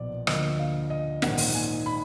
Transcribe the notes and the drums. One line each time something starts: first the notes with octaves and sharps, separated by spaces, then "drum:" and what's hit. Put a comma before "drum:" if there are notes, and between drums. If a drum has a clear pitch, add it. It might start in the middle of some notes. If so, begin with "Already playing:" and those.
Already playing: B1 A#2 F3 B3 D5
D2 D3 F3 A#3 D#5, drum: rim click
F5
D#5
A#1 G#2 D#3 A#3 F#5, drum: snare
drum: open hi-hat
G#5
B5